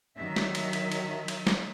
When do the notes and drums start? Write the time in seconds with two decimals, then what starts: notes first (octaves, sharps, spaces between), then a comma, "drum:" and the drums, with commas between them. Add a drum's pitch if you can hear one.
0.18 D#3 F#3 E5
0.36 drum: snare
0.55 drum: cymbal
0.73 drum: cymbal
0.92 drum: cymbal
1.28 drum: cymbal
1.47 drum: snare